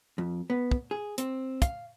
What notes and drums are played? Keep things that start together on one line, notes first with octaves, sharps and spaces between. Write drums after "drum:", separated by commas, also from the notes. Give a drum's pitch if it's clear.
F2
B3
drum: kick
G#4
C4, drum: hi-hat
F5, drum: kick, hi-hat